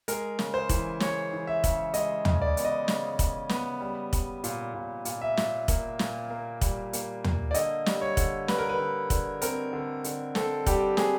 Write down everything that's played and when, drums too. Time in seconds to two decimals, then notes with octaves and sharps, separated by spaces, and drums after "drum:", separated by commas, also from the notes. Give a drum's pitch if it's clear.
0.08 G#3 A#4, drum: hi-hat
0.39 C#3, drum: snare
0.54 C5
0.69 E3, drum: kick, hi-hat
1.00 G#3 C#5, drum: snare
1.33 E3
1.47 E5
1.64 C#3, drum: kick, hi-hat
1.94 G#3 D#5, drum: hi-hat
2.25 C#3, drum: tom
2.42 D5
2.57 B3, drum: hi-hat
2.65 D#5
2.88 C#3, drum: snare
3.19 C#3, drum: kick, hi-hat
3.49 B3, drum: snare
3.81 G3
4.13 G3, drum: kick, hi-hat
4.44 A#2, drum: hi-hat
4.74 A#2
5.05 A#2, drum: hi-hat
5.21 E5
5.37 A#2, drum: snare
5.68 A#3, drum: kick, hi-hat
5.99 A#2, drum: snare
6.30 A#3
6.61 G3, drum: kick, hi-hat
6.93 A#3, drum: hi-hat
7.24 A#3, drum: tom
7.51 D5
7.54 D3 D#5, drum: hi-hat
7.86 G3, drum: snare
8.01 C#5
8.17 D3, drum: kick, hi-hat
8.48 G3 B4, drum: snare
8.58 A#4
8.69 B4
8.79 D3
9.10 D3, drum: kick, hi-hat
9.42 C4 A#4, drum: hi-hat
9.73 D3
10.04 D3, drum: hi-hat
10.35 C4 A4, drum: snare
10.66 G3 G4, drum: kick, hi-hat
10.97 C4 G#4, drum: snare